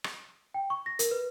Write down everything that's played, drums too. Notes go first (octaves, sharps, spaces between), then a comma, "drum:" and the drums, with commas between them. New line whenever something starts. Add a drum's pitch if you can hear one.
drum: rim click
G5
C#6
A#6
A#4, drum: hi-hat
B4